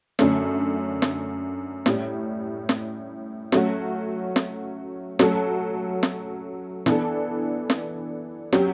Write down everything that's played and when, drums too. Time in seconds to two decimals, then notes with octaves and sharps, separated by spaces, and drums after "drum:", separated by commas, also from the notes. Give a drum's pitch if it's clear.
0.19 F#2 D3 A3 C#4, drum: snare
1.02 drum: snare
1.86 A2 G3 C#4, drum: snare
2.69 drum: snare
3.52 F#3 A3 C#4 F#4, drum: snare
4.36 drum: snare
5.19 F#3 A3 C#4 F#4 A4, drum: snare
6.03 drum: snare
6.86 E3 B3 D4 A4, drum: snare
7.70 drum: snare
8.53 F#3 C#4 G4, drum: snare